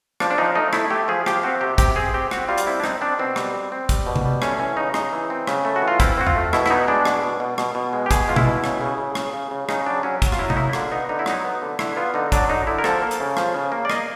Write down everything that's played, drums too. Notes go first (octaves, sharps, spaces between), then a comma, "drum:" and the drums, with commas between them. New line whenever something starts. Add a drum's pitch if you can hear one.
F3 D4, drum: rim click
D4
F3 D#4
A3 D#4
A3 E4, drum: rim click
A3 G4
F3 G#4
F3 G4, drum: rim click
C4 F#4
C3 G4
C3 G4, drum: kick, hi-hat
C4 G#4
C4 G4
C4 F#4, drum: rim click
G3 F4
drum: hi-hat
C4 E4
D4
C4 D#4, drum: rim click
C4 D4
B2 C4
G3, drum: rim click
C4
C4
G3, drum: kick, hi-hat
B2
drum: tom C3
G3
A3 C#4, drum: rim click
E3 C#4
C#3 D#4
C#3 D#4, drum: rim click
E3
C4
C#3, drum: rim click
A3
F#4
E3
F4
C4 E4, drum: kick, hi-hat
C4 F#4
F4, drum: tom E2
A3
B2 E4, drum: rim click
E4, drum: rim click
B3 D#4
G#3 D4
B2, drum: rim click
B2
B2
B2, drum: rim click
B2
G#3
G4
B2 G#4, drum: kick, hi-hat
G#3 F4
E4, drum: tom B2
B2
C#3, drum: rim click
C#3
C#3
C#3, drum: rim click
C#3
C#3
C#3 D#4, drum: rim click
F#3 D4
F#3 C#4
F#3, drum: kick, hi-hat
F4, drum: rim click
F#3 E4
D#4, drum: tom C3
A#3 E4
D3 F4, drum: rim click
B3 D#4
D3 D#4
E4
F#3 D#4, drum: rim click
B3
D3
D3 E4, drum: rim click
B3 F4
D3 D#4
F#3 D4, drum: kick, hi-hat
D3 D#4
D3 E4
A#4
F3 A4, drum: rim click
A#3
drum: hi-hat
C#3
F3, drum: rim click
C#3
A#3
D5
A#3 D#5, drum: rim click